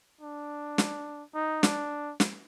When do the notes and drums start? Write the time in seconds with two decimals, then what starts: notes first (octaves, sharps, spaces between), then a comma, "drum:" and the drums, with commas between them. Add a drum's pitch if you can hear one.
0.21 D4
0.78 drum: snare
1.34 D#4
1.63 D4, drum: snare
2.20 drum: snare